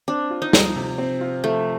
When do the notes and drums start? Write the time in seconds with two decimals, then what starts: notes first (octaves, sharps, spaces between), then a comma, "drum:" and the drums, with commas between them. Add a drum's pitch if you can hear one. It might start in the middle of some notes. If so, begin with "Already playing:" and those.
0.08 C4 D4
0.31 F4
0.42 D#4
0.53 F3, drum: snare
0.76 C3
0.98 C4
1.21 F4
1.44 F3 A3